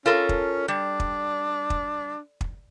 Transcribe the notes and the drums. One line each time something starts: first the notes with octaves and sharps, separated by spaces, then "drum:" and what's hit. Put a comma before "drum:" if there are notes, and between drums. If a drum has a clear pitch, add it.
C#4 F4 A4 A#4
drum: kick
G3 D4
drum: kick
drum: kick
drum: kick